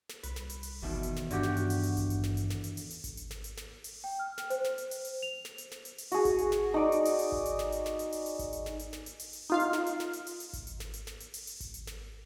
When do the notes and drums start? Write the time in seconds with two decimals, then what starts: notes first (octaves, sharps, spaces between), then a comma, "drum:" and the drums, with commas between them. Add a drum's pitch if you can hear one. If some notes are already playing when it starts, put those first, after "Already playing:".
0.09 drum: snare
0.23 C2 B4, drum: hi-hat
0.36 drum: snare
0.49 drum: hi-hat
0.63 drum: open hi-hat
0.82 G1 E2 B2 D#3
1.03 drum: hi-hat
1.16 drum: snare
1.31 G2 D3 F#4 G4, drum: hi-hat
1.43 drum: snare
1.57 drum: hi-hat
1.70 drum: open hi-hat
1.83 drum: hi-hat
1.97 drum: kick G#1, hi-hat
2.10 drum: hi-hat
2.23 drum: snare
2.37 drum: hi-hat
2.50 drum: snare
2.64 drum: hi-hat
2.77 drum: open hi-hat
2.90 drum: hi-hat
3.04 drum: kick G#1, hi-hat
3.17 drum: hi-hat
3.31 drum: snare
3.44 drum: hi-hat
3.57 drum: snare
3.84 drum: open hi-hat
4.04 G5
4.19 F6
4.38 drum: snare
4.50 C5, drum: hi-hat
4.64 drum: snare
4.78 drum: hi-hat
4.91 drum: open hi-hat
5.05 drum: hi-hat
5.23 F7
5.45 drum: snare
5.58 drum: hi-hat
5.71 drum: snare
5.85 drum: hi-hat
5.98 drum: open hi-hat
6.12 F#4 G#4, drum: hi-hat
6.25 drum: kick G#1, hi-hat
6.38 drum: hi-hat
6.52 drum: snare
6.74 D#4 D5
6.92 drum: hi-hat
7.05 drum: open hi-hat
7.19 drum: hi-hat
7.32 drum: kick G#1
7.46 drum: hi-hat
7.59 drum: snare
7.72 drum: hi-hat
7.86 drum: snare
7.99 drum: hi-hat
8.12 drum: open hi-hat
8.26 drum: hi-hat
8.39 drum: kick G#1, hi-hat
8.53 drum: hi-hat
8.66 drum: snare
8.79 drum: hi-hat
8.93 drum: snare
9.06 drum: hi-hat
9.20 drum: open hi-hat
9.33 drum: hi-hat
9.50 D#4 F4 F5
9.60 drum: hi-hat
9.73 drum: snare
9.86 drum: hi-hat
10.00 drum: snare
10.13 drum: hi-hat
10.27 drum: open hi-hat
10.40 drum: hi-hat
10.53 drum: kick G#1, hi-hat
10.67 drum: hi-hat
10.80 drum: snare
10.94 drum: hi-hat
11.07 drum: snare
11.20 drum: hi-hat
11.34 drum: open hi-hat
11.47 drum: hi-hat
11.60 drum: kick G#1, hi-hat
11.74 drum: hi-hat
11.87 drum: snare